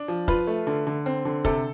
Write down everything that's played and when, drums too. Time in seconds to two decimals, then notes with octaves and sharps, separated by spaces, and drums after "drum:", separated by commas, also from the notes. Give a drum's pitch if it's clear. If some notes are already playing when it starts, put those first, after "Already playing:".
Already playing: D4
0.08 F3
0.28 F4 B4, drum: kick F1
0.47 A3
0.67 D3
0.87 D3
1.06 C4
1.25 D3
1.45 C3 A4, drum: kick F1